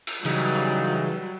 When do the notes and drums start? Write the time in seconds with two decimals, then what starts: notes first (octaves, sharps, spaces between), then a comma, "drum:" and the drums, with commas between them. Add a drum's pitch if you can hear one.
0.07 drum: cymbal
0.25 C#3 E3 F#3 G3 D#4, drum: cymbal